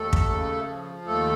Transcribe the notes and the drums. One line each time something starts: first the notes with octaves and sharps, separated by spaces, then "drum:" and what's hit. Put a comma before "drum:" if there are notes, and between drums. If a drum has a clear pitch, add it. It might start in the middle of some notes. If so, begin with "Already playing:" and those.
Already playing: D#2 A3 A4
drum: kick
C#3
F3
D#2 A3 A4